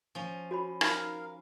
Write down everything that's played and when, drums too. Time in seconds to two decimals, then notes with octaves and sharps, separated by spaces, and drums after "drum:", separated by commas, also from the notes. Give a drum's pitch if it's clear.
0.15 F3 C#4
0.51 F#4 C#5 B5
0.81 D#4 A#4 F5 B5, drum: rim click